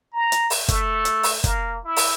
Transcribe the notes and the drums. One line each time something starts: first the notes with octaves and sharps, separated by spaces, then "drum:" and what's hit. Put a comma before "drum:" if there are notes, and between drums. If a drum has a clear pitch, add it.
A#5
drum: hi-hat
drum: open hi-hat
A3, drum: kick, hi-hat
drum: hi-hat
drum: open hi-hat
A#3, drum: kick, hi-hat
E4
drum: open hi-hat